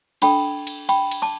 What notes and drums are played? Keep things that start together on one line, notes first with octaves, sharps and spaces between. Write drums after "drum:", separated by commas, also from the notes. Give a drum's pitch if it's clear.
D4 A4 G5 B5, drum: cymbal
drum: cymbal
G5 B5, drum: cymbal
drum: cymbal
A5 D6